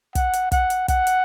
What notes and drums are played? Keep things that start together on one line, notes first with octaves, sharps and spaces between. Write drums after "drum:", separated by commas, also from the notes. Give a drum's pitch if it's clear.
F#5, drum: kick, hi-hat
drum: hi-hat
F#5, drum: kick, hi-hat
drum: hi-hat
F#5, drum: kick, hi-hat
drum: hi-hat